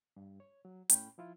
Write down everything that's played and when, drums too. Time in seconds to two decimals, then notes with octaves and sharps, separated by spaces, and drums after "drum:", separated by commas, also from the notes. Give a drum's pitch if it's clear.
0.16 G2
0.40 C#5
0.65 F#3
0.89 A2 C#4 G5 B5, drum: hi-hat
1.18 F3 E4 F4